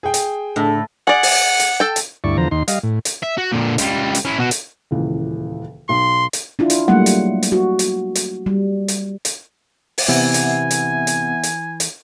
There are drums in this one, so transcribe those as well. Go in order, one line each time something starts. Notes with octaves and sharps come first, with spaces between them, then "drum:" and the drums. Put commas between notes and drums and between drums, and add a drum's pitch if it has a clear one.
G#4 G5
drum: hi-hat
A2 D3
G#4 D5 F#5
drum: open hi-hat
drum: hi-hat
A4 G5
drum: hi-hat
D2 G2 E4 D5 C#6
E2 D3 F3 C5 A#5
D#2 D#4 C6
G3 D#5 F5, drum: hi-hat
A2
drum: hi-hat
E5
F#4
A#2 D3
C#2 G3, drum: hi-hat
drum: hi-hat
C#4 E4
B2 F#4
drum: hi-hat
D#1 C#2 E3
B1 C6
drum: hi-hat
D4 E4 F4
drum: hi-hat
F#3 G3 A3 A#3 F#5
drum: hi-hat
drum: hi-hat
F#4
drum: hi-hat
drum: hi-hat
G3
drum: hi-hat
drum: hi-hat
drum: open hi-hat
C3 E3 B3 E5 F#5 G#5
drum: hi-hat
drum: hi-hat
drum: hi-hat
drum: hi-hat
drum: hi-hat